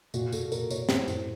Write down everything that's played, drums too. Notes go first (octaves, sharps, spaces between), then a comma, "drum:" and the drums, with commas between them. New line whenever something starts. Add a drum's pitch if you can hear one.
A#2 F#4, drum: tambourine
A#2 A4, drum: tambourine
A#2 A#4, drum: tambourine
A#2 C#5, drum: tambourine
A2 C5, drum: snare
A2, drum: tambourine